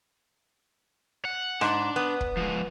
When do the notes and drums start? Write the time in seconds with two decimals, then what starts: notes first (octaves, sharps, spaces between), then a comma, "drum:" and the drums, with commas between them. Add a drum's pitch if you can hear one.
1.25 F#5
1.61 G#2 D4, drum: rim click
1.96 B3
2.21 drum: kick
2.37 F3 G#3